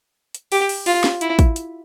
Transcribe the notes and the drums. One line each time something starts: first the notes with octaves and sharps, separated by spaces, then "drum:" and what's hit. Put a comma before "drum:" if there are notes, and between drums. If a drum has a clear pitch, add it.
drum: hi-hat
G4, drum: open hi-hat
drum: open hi-hat
F4, drum: open hi-hat
drum: snare
E4, drum: hi-hat
drum: kick, hi-hat
drum: hi-hat